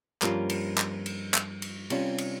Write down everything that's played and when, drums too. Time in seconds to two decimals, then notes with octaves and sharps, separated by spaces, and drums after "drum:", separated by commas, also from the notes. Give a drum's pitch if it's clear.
0.22 G2 F3 A#3 C#4 F4, drum: clap
0.50 drum: cymbal
0.78 drum: clap
1.06 drum: cymbal
1.34 drum: clap
1.62 drum: cymbal
1.90 C3 G3 C#4 F4, drum: cymbal
2.18 drum: cymbal